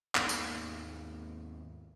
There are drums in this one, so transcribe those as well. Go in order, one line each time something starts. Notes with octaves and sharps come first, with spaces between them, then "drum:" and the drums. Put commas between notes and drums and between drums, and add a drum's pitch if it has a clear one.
D#2 G#2 A#3 B3, drum: clap
drum: tambourine